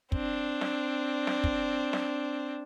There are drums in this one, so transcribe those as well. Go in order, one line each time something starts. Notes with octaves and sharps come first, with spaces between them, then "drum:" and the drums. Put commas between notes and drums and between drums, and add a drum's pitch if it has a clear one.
C4 D4, drum: kick
drum: snare
drum: snare
drum: kick
drum: snare